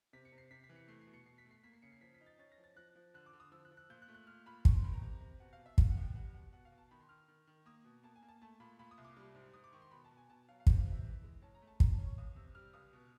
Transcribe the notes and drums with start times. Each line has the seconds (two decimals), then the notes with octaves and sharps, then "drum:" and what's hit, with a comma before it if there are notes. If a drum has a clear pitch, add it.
0.13 C3 B6
0.25 C#7
0.32 C3
0.38 C7
0.51 C3 B6
0.64 B6
0.69 E3
0.76 C#7
0.88 A3 C7
1.02 C7
1.07 B2
1.14 C#7
1.26 B2 C7
1.38 B6
1.45 A3
1.51 C7
1.63 A#3 B6
1.73 C7
1.82 C#3 C#7
1.92 C7
2.01 F3 B6
2.14 B6
2.20 D#4
2.26 A6
2.39 C#4 A6
2.52 A#6
2.58 F3
2.64 A6
2.76 F3 F#6
2.96 F3
3.14 D3 F#6
3.26 D6
3.33 D3
3.40 D#6
3.52 F3 E6
3.65 F#6
3.71 F3
3.77 F#6
3.90 A#2 G6
4.02 F#6
4.08 A3
4.14 F#6
4.27 A#2 F6
4.46 A#2 B5
4.65 F2 C#6, drum: kick
4.74 C6
4.84 D#3 B5
4.93 A#5
5.02 C3
5.21 C3
5.40 B2 F#5
5.53 F5
5.59 B2
5.66 E5
5.78 B2 F5, drum: kick
5.91 F#5
5.97 C#2
6.03 G5
6.15 G3 F#5
6.34 B2 F#5
6.53 B2 F#5
6.65 F5
6.72 B2
6.78 A5
6.91 D#3 B5
7.01 C6
7.09 D#3 F6
7.28 D#3
7.47 D#3
7.66 A#3 D#6
7.84 B2
8.03 A#3 A5
8.16 G#5
8.22 A#3
8.28 A5
8.42 A3 A5
8.60 A#2 B5
8.79 A#2 B5
8.91 D#6
8.98 C2
9.05 D6
9.17 G3
9.35 G#2
9.54 G#2 D#6
9.64 D6
9.73 D#3 C#6
9.82 C6
9.91 B2 B5
10.05 A5
10.11 B2
10.17 G#5
10.30 B2 A5
10.49 F#3 F5
10.60 F5
10.67 C3 F#5, drum: kick
10.80 F5
10.86 E3
10.92 E5
11.05 E3
11.23 G#3
11.42 C#4 A5
11.55 A#5
11.62 A3
11.67 A5
11.80 F#3 A#5, drum: kick
11.92 A5
11.98 C#4
12.05 C#6
12.18 C#2 D#6
12.36 C3 E6
12.55 G3 F6
12.74 C#2 D#6
12.93 B2